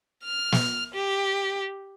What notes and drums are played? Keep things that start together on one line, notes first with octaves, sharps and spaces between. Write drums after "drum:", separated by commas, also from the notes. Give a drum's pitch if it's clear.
F6
drum: snare
G4